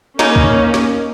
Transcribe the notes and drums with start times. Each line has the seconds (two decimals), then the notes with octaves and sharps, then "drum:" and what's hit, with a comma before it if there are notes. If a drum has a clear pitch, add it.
0.19 C#3 A#3 C#4 D#4, drum: snare
0.36 drum: kick
0.74 drum: snare